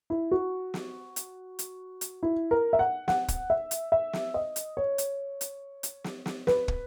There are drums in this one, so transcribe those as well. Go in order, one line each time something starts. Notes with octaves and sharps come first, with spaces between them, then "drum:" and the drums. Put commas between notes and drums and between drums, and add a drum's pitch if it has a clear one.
E4
F#4
drum: snare
drum: hi-hat
drum: hi-hat
drum: hi-hat
E4
A#4
E5
F#5
F#5, drum: snare
drum: kick, hi-hat
E5
drum: hi-hat
E5
drum: snare
D#5
drum: hi-hat
C#5
drum: hi-hat
drum: hi-hat
drum: hi-hat
drum: snare
drum: snare
B4, drum: snare
drum: kick